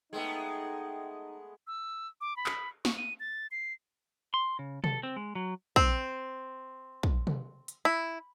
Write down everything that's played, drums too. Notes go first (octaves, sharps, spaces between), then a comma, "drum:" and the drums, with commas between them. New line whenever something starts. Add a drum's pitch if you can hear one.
G#3 A3 B3 D#4 G5
E6
D6
B5
drum: clap
C#6, drum: snare
D#7
A6
C7
C6
C#3
A4, drum: tom
C4
G#3
F#3
C4, drum: kick
drum: kick
drum: tom
drum: hi-hat
E4